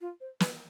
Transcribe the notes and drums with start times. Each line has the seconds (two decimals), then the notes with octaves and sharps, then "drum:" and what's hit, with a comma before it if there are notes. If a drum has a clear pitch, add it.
0.01 F4
0.21 C5
0.40 B4, drum: snare